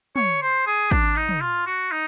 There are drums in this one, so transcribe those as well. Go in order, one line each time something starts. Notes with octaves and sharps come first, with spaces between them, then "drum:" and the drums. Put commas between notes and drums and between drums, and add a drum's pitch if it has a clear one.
C#5, drum: tom
C5
G#4
D4, drum: kick
D#4
drum: tom
F4
F#4
D#4